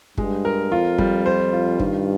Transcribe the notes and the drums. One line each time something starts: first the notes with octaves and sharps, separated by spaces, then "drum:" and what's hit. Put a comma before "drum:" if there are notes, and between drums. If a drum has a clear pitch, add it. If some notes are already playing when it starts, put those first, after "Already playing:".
G2 G#3, drum: kick
A#4
F2 F4
G3, drum: kick
C5
F4
G2 D#3, drum: kick